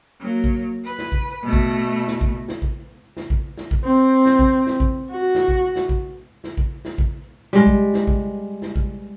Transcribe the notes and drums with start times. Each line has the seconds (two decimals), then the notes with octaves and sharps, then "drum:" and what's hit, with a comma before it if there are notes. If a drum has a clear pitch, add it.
0.20 F#3 A#3
0.44 drum: kick
0.84 B4
0.98 drum: snare
1.12 drum: kick
1.43 B2 A3
1.53 drum: kick
2.07 drum: snare
2.21 drum: kick
2.48 drum: snare
2.62 drum: kick
3.17 drum: snare
3.30 drum: kick
3.57 drum: snare
3.71 drum: kick
3.84 C4
4.26 drum: snare
4.39 drum: kick
4.67 drum: snare
4.80 drum: kick
5.11 F#4
5.35 drum: snare
5.48 drum: kick
5.76 drum: snare
5.89 drum: kick
6.44 drum: snare
6.57 drum: kick
6.85 drum: snare
6.98 drum: kick
7.53 G3 G#3, drum: snare
7.67 drum: kick
7.94 drum: snare
8.07 drum: kick
8.62 drum: snare
8.76 drum: kick